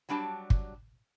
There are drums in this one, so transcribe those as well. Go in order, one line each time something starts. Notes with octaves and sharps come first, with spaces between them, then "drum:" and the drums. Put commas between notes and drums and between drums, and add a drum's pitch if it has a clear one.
F#3 G3 D4 G4 A5
drum: kick